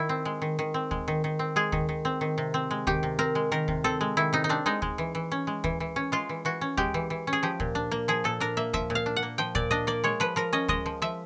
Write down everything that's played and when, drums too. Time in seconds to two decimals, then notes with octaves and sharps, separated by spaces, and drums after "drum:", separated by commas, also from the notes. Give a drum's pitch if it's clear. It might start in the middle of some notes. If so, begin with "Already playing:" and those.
Already playing: D#3 E4
0.09 C4
0.25 G#3
0.42 D#3
0.59 D#3
0.74 C4
0.91 G#3, drum: kick D2
1.08 D#3
1.24 D#3
1.39 C4
1.56 G#3 G#4
1.72 D#3, drum: kick D2
1.89 D#3
2.05 C4
2.21 D#3
2.38 C3
2.54 C4
2.71 G#3
2.87 D#3 G4, drum: kick D2
3.03 C3
3.19 C4 A#4
3.35 G#3
3.52 D#3 A#4
3.68 C3, drum: kick D2
3.84 C4 A4
4.01 G#3
4.17 D#3 E4
4.33 C3 D#4
4.44 D#4
4.49 C4 D4
4.66 G#3 D#4
4.82 G#3, drum: kick D2
4.98 E3
5.15 E3
5.32 C#4
5.47 G#3
5.64 E3, drum: kick D2
5.80 E3
5.96 C#4
6.12 G#3 F4
6.29 E3
6.45 E3 F#4
6.61 C#4
6.77 G#3 G4, drum: kick D2
6.94 E3
7.10 E3
7.27 C#4
7.33 G#4
7.43 F3 G4
7.60 A#2, drum: kick D2
7.75 D4
7.91 A#3
8.08 F3 G#4
8.24 A#2 A4
8.40 D4 A#4
8.57 A#3 E5
8.73 F3 E5, drum: kick D2
8.90 A#2
8.95 F5
9.06 D4
9.16 F#5
9.23 A#3
9.38 F3 G5
9.55 A#2 D5, drum: kick D2
9.71 D4 D#5
9.87 A#3 D5
10.04 G#3 C#5
10.20 F3 B4
10.36 F3 A#4
10.53 C#4 D#5
10.68 G#3 D#5, drum: kick D2
10.86 F3
11.02 F3 E5